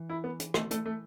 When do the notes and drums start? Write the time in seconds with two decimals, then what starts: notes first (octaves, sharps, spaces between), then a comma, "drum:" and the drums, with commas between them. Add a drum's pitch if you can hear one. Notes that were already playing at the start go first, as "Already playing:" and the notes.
Already playing: E3
0.10 E4
0.24 B3
0.40 drum: hi-hat
0.54 A3, drum: rim click
0.71 A3, drum: hi-hat
0.86 A3